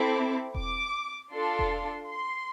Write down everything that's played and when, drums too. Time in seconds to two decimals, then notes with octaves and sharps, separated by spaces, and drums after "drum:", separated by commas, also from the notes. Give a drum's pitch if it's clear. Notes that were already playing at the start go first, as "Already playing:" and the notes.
Already playing: C4 E4 A4 D6
0.55 D6, drum: kick E1
1.33 D4 F4 A4 C6
1.59 drum: kick E1
2.11 C6